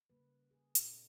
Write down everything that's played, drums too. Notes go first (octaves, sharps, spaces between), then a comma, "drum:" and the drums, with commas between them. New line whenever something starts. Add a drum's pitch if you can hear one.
C#3 G3 A#3 B4
G#4
A#2 C4 D4 F4 A4 D#5, drum: hi-hat